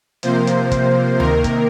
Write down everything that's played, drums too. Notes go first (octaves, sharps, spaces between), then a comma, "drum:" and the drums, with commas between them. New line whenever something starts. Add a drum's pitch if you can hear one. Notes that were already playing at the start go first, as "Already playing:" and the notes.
C3 F3 A#3 C5, drum: hi-hat
drum: hi-hat
drum: kick, hi-hat
C3 D#3 A#3 A#4, drum: tom D2
drum: kick, hi-hat